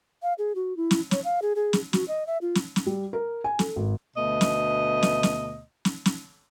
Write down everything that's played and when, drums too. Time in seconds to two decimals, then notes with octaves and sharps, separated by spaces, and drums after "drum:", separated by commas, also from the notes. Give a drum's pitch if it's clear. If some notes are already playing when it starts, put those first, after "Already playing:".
0.23 F5
0.38 G#4
0.55 F#4
0.77 E4
0.91 drum: snare
1.11 C#5, drum: snare
1.24 F5
1.42 G#4
1.56 G#4
1.73 drum: snare
1.93 F#4, drum: snare
2.08 D#5
2.27 E5
2.41 F4
2.55 drum: snare
2.76 drum: snare
2.86 G3
3.13 A#4
3.44 G#5
3.59 A4, drum: snare
3.76 G#1
4.17 D2 B2 A3 B3 D#5
4.41 drum: snare
5.03 drum: snare
5.23 drum: snare
5.85 drum: snare
6.06 drum: snare